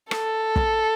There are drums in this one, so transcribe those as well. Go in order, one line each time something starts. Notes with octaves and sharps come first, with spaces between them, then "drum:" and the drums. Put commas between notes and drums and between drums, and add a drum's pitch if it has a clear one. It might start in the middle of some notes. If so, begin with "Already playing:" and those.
A4, drum: rim click
drum: kick